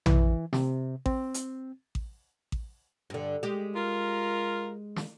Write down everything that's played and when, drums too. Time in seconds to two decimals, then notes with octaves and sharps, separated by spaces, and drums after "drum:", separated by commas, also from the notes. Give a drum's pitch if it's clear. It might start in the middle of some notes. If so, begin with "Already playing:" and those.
0.06 E3, drum: tom A#1
0.53 C3, drum: snare
1.06 C4, drum: kick A1
1.34 drum: hi-hat
1.95 drum: kick A1
2.52 drum: kick A1
3.10 G2 D3
3.43 G#3 G4
3.75 F4 A#4
4.96 drum: snare